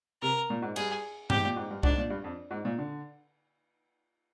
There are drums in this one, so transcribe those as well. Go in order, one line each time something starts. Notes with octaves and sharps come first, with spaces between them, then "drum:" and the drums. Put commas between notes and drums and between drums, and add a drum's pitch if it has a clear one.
C3 A#4
A#2
G#2
G2 G#4, drum: cymbal
G#2 G4, drum: tom G2
A#2
G#2
G2
G#2 D4, drum: kick C2
A#2
G2
F2
G#2
A#2
D3